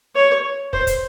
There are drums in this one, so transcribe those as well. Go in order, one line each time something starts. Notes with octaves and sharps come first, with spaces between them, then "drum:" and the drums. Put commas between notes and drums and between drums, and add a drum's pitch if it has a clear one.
C#5
C5, drum: kick
drum: kick, hi-hat